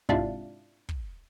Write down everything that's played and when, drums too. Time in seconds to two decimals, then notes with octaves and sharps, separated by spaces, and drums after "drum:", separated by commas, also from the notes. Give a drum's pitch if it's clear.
0.09 G#2 C3 D4 E4 F4, drum: kick
0.89 drum: kick